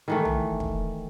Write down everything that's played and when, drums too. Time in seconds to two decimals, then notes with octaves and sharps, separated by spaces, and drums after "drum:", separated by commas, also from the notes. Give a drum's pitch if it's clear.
0.08 D#3 E3 A3
0.25 drum: tom
0.60 drum: kick